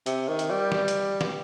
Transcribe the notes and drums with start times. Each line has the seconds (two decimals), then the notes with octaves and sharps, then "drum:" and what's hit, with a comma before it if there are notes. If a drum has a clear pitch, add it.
0.06 C3, drum: hi-hat
0.28 D#3
0.39 drum: hi-hat
0.50 G3
0.72 drum: snare
0.88 drum: hi-hat
1.21 drum: snare